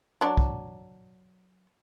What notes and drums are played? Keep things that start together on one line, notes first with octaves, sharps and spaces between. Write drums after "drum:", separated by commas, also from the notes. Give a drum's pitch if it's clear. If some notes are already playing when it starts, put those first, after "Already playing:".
F#3 D4
drum: kick